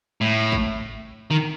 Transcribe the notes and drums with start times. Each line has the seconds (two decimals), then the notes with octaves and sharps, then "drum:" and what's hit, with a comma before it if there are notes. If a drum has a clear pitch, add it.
0.21 A2
0.52 drum: kick
1.31 D#3